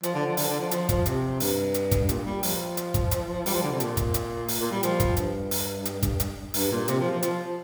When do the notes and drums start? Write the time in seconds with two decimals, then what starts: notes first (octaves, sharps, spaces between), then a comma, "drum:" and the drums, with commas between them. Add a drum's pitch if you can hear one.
0.03 F3, drum: hi-hat
0.15 D3
0.26 F3
0.37 D3, drum: open hi-hat
0.49 D3
0.60 F3
0.71 F3, drum: hi-hat
0.89 F3, drum: kick, hi-hat
1.06 C3, drum: hi-hat
1.40 G2, drum: open hi-hat
1.74 drum: hi-hat
1.91 drum: kick, hi-hat
2.09 A#2, drum: hi-hat
2.25 G3
2.43 F3, drum: open hi-hat
2.77 drum: hi-hat
2.94 drum: kick, hi-hat
3.11 drum: hi-hat
3.46 G3, drum: open hi-hat
3.54 F3
3.63 D3
3.72 C3
3.80 A#2, drum: hi-hat
3.97 drum: kick, hi-hat
4.14 drum: hi-hat
4.48 drum: open hi-hat
4.60 A#2
4.71 G3
4.83 F3, drum: hi-hat
5.00 drum: kick, hi-hat
5.17 G2, drum: hi-hat
5.51 drum: open hi-hat
5.85 drum: hi-hat
6.03 drum: kick, hi-hat
6.20 drum: hi-hat
6.54 G2, drum: open hi-hat
6.71 A#2
6.88 C3, drum: hi-hat
7.00 F3
7.11 F3
7.23 F3, drum: hi-hat